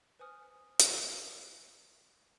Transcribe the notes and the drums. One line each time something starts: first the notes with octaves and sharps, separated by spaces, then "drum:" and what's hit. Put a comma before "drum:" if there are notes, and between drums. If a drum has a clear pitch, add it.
B4 C5 G#5 D#6 F6
drum: hi-hat